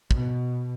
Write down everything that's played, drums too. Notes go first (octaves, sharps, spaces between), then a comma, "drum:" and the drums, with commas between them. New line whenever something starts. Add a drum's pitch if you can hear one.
B2, drum: kick